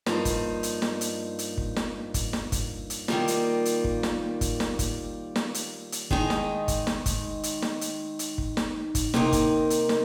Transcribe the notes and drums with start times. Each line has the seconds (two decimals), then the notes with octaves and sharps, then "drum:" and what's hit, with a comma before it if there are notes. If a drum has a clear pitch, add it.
0.06 G2 F3 A#3 D#4, drum: snare
0.25 drum: kick, hi-hat
0.63 drum: hi-hat
0.82 drum: snare
1.01 drum: hi-hat
1.39 drum: hi-hat
1.58 drum: kick
1.76 drum: snare
2.14 drum: kick, hi-hat
2.33 drum: snare
2.52 drum: kick, hi-hat
2.90 drum: hi-hat
3.08 D#3 G3 A#3 F4, drum: snare
3.28 drum: hi-hat
3.65 drum: hi-hat
3.84 drum: kick
4.03 drum: snare
4.41 drum: kick, hi-hat
4.60 drum: snare
4.79 drum: kick, hi-hat
5.36 drum: snare
5.54 drum: hi-hat
5.92 drum: hi-hat
6.11 D#3 G#3 D#4, drum: kick
6.30 drum: snare
6.68 drum: kick, hi-hat
6.87 drum: snare
7.06 drum: kick, hi-hat
7.43 drum: hi-hat
7.62 drum: snare
7.81 drum: hi-hat
8.19 drum: hi-hat
8.38 drum: kick
8.57 drum: snare
8.95 drum: kick, hi-hat
9.14 C3 D#3 A#3 D#4, drum: snare
9.32 drum: kick, hi-hat
9.70 drum: hi-hat
9.89 drum: snare